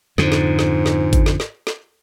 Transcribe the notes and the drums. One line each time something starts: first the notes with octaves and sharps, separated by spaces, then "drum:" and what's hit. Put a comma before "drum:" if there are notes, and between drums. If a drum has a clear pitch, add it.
F2 G#2 D3, drum: snare
drum: snare
drum: snare
drum: snare
drum: kick G#1, hi-hat
drum: snare
drum: snare
drum: snare